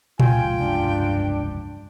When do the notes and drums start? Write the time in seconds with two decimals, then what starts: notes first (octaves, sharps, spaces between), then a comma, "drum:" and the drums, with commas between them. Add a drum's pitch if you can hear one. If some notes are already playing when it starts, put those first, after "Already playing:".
0.20 F1 C#2 F4 G5 G#5, drum: tom A#2
0.61 G2 D4